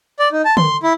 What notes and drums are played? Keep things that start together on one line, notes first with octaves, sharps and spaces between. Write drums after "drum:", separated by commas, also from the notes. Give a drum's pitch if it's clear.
D5
D#4
A5
C6, drum: tom D3
E4